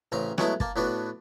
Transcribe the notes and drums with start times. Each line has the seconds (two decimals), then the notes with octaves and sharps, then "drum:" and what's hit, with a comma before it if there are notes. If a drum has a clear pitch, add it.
0.12 A1 C#3 C4 A#5
0.38 F#3 G#3 A3 B3 E4, drum: rim click
0.60 A#3 A5, drum: kick
0.76 A2 B3 D4 F#4